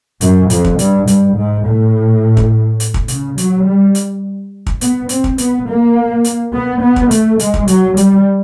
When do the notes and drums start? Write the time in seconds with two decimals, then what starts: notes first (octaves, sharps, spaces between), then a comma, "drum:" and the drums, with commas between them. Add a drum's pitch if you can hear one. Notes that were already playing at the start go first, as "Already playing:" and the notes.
0.21 F#2, drum: hi-hat
0.50 F2, drum: hi-hat
0.64 drum: kick
0.79 G2, drum: hi-hat
1.07 G2, drum: hi-hat
1.36 G#2
1.65 A2
2.37 drum: kick
2.80 drum: hi-hat
2.94 drum: kick
3.08 C#3, drum: hi-hat
3.38 F#3, drum: hi-hat
3.66 G3
3.95 drum: hi-hat
4.67 drum: kick
4.81 B3, drum: hi-hat
5.09 C4, drum: hi-hat
5.24 drum: kick
5.38 B3, drum: hi-hat
5.67 A#3
6.24 drum: hi-hat
6.53 B3
6.81 B3
6.96 drum: kick
7.11 A3, drum: hi-hat
7.39 G#3, drum: hi-hat
7.54 drum: kick
7.68 F#3, drum: hi-hat
7.97 G3, drum: hi-hat